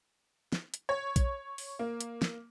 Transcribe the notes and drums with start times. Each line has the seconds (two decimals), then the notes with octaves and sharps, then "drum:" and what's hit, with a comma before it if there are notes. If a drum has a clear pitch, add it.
0.52 drum: snare
0.74 drum: hi-hat
0.89 C#5
1.16 drum: kick A#1, hi-hat
1.58 drum: open hi-hat
1.79 A#3
2.01 drum: hi-hat
2.22 drum: snare